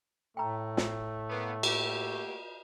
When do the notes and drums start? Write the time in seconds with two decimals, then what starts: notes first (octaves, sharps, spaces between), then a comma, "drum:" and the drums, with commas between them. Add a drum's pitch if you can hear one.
0.37 A2 A3 G5 A#5
0.77 drum: snare
1.29 A#3 B3
1.63 A#3 F#4 G4, drum: cymbal